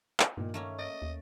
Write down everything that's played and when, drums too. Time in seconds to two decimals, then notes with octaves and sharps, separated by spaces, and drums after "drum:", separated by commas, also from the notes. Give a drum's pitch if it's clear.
0.20 drum: clap
0.37 G2 A#2 D#3 A#3
0.54 D#3 A3 A#3 C#4
0.79 D#5 A6 A#6 D7
1.02 D#2